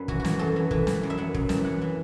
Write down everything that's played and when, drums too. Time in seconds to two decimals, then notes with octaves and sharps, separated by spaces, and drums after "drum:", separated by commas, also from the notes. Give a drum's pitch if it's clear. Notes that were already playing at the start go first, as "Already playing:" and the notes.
Already playing: F#2 B4 D5
0.08 E3 F#4, drum: kick
0.20 F#4
0.25 E3, drum: snare
0.30 F#4
0.39 F#2 A4
0.56 E3
0.71 E3 B4, drum: kick
0.87 E3, drum: snare
1.03 F#2
1.10 E5
1.18 F#2 F#5
1.34 F#2, drum: kick
1.49 E3 E5, drum: snare
1.65 E3 F#5
1.81 E3